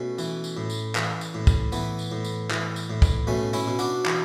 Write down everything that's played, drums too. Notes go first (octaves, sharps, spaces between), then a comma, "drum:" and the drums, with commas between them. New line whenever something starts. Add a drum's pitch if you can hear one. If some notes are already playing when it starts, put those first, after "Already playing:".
Already playing: B2 A3 C#4
E3, drum: tambourine
drum: tambourine
A2
drum: tambourine
E3, drum: clap
drum: tambourine
A2
drum: kick, tambourine
E3 B3, drum: tambourine
drum: tambourine
A2
drum: tambourine
E3, drum: clap
drum: tambourine
A2
drum: kick, tambourine
B2 A3 C#4
C#4 E4, drum: tambourine
B2
D4 F#4, drum: tambourine
E3, drum: clap